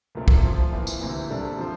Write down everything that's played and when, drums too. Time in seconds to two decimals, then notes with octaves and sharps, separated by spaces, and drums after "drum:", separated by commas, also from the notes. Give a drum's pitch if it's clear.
0.15 C2 A#2 A3 C4
0.28 drum: kick
0.43 F3 C4 F4
0.72 E3 A#3 E4
0.87 drum: tambourine
1.00 D2 C3 E3 A#3
1.30 C2 C3 G3 D4 A4
1.58 F3 C4 F4 C5